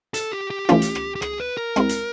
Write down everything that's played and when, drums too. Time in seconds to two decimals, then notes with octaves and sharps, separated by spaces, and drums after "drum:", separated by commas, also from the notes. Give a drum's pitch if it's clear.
0.14 A4, drum: hi-hat
0.32 G4
0.50 G4
0.69 E3 A3 C#4 F4, drum: rim click
0.82 drum: hi-hat
0.95 drum: rim click
1.16 G4
1.22 G#4, drum: rim click
1.40 B4
1.57 A#4
1.76 G#3 C4 E4, drum: rim click
1.89 drum: hi-hat